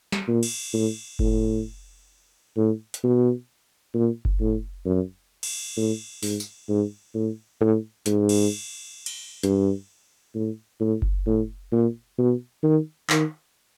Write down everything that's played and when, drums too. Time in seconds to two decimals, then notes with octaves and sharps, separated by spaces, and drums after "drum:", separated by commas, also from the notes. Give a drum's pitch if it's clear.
0.12 drum: snare
0.28 A#2
0.43 drum: cymbal
0.73 A2
1.19 A2, drum: kick F#1
2.56 A2
2.94 drum: hi-hat
3.03 B2
3.94 A#2
4.25 drum: kick F#1
4.40 A2
4.86 F#2
5.43 drum: cymbal
5.77 A2
6.23 G#2, drum: open hi-hat
6.40 drum: tambourine
6.69 G#2
7.14 A2
7.61 A2
8.06 G#2, drum: hi-hat
8.29 drum: cymbal
9.06 drum: cymbal
9.43 G2, drum: hi-hat
10.35 A2
10.80 A2
11.02 drum: kick F#1
11.27 A2
11.72 A#2
12.18 B2
12.63 D#3
13.10 D#3, drum: clap